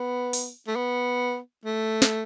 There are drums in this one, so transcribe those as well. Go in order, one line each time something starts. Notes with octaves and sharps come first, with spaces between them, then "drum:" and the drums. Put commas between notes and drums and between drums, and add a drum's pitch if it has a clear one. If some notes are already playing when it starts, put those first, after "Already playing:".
Already playing: B3
drum: open hi-hat
A3
B3
A3
drum: snare